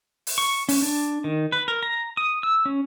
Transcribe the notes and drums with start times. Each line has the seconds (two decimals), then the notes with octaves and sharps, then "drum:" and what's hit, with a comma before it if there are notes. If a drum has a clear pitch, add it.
0.27 drum: open hi-hat
0.38 C#6
0.69 C#4, drum: open hi-hat
0.82 D4
1.24 D#3
1.52 B4
1.68 A#4
1.83 A#5
2.17 D#6
2.43 E6
2.66 C#4